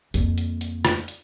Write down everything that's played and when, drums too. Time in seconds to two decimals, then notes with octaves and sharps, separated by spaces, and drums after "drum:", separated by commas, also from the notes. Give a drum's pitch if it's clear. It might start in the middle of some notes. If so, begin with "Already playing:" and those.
0.14 F2 A#3, drum: hi-hat
0.38 drum: hi-hat
0.61 drum: hi-hat
0.85 drum: rim click
1.08 drum: hi-hat